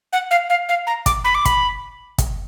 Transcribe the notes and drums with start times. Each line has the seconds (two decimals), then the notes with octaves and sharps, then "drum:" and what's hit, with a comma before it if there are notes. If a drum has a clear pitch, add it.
0.13 F#5
0.31 F5
0.50 F5
0.69 F5
0.87 A#5
1.06 D6, drum: kick, hi-hat
1.24 B5
1.35 D6
1.45 B5, drum: kick, hi-hat
2.18 drum: kick, hi-hat